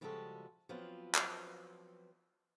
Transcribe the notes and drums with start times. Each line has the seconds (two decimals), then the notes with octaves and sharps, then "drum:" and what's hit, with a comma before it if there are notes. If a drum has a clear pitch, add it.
0.01 C#3 F3 G3 G#3 F#4 A4
0.69 F3 F#3 B3 C4 F4 B4
1.14 drum: clap